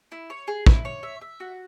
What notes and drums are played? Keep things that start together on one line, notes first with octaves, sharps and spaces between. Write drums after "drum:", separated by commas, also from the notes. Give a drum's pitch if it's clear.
E4
C#5
G#4
E4, drum: kick
C#5
E5
E5
F#4